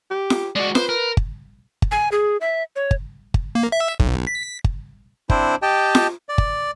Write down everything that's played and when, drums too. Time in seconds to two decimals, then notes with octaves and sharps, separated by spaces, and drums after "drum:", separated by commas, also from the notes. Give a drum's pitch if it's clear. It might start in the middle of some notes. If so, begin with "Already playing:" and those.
0.11 G4
0.30 drum: snare F4
0.56 G#3 F#4 D5
0.75 B4 C5, drum: snare F4
0.89 A#4
1.17 drum: kick G1
1.82 drum: kick G1
1.91 G#5
2.12 G#4
2.41 E5
2.76 C#5
2.91 drum: kick G1
3.34 drum: kick G1
3.55 A#3
3.72 E5
4.00 B1, drum: kick G1
4.27 B6
4.64 drum: kick G1
5.30 C4 D4 E4 C5, drum: kick G1
5.62 G4 D#5 G5 A5
5.95 drum: snare F4
6.29 D5
6.38 drum: kick G1